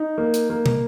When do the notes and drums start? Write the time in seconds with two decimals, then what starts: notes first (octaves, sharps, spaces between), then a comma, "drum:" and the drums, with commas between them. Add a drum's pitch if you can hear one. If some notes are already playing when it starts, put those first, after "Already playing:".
Already playing: D#4
0.18 A#3
0.34 drum: hi-hat
0.50 A#3
0.66 drum: tom